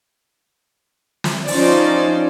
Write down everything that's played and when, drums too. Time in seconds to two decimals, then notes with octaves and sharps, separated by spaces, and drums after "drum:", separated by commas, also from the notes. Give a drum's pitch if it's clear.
1.24 drum: snare
1.47 F3 C#4 D#4 F4 C5 D5, drum: open hi-hat